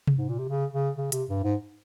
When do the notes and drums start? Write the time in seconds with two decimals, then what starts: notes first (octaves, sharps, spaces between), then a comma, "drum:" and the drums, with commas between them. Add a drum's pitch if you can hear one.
0.07 drum: tom C3
0.18 G#2
0.29 A#2
0.38 C3
0.49 C#3
0.73 C#3
0.97 C#3
1.12 C3, drum: hi-hat
1.29 G2
1.44 G#2